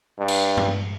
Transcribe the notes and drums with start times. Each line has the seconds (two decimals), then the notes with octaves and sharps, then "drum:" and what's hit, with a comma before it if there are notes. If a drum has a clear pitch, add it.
0.19 G2
0.28 drum: cymbal
0.57 drum: tom G2